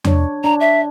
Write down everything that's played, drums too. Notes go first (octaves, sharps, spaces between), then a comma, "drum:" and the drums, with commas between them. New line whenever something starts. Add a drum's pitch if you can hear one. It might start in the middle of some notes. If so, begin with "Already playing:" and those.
D4 C#5, drum: tom E2
D4 A#5
E5